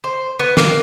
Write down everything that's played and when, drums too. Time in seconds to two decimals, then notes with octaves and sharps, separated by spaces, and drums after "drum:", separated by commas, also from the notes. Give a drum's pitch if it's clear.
0.04 C5
0.39 B3
0.57 A#3, drum: snare